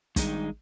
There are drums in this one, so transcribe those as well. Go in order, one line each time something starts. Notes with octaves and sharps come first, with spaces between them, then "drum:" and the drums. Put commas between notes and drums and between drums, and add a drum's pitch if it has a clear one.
G2 D#3 G#3 D#4, drum: kick, hi-hat